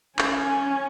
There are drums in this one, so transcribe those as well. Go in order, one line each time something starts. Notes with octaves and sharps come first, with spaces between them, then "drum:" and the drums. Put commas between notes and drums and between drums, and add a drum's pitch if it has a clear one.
C#4, drum: clap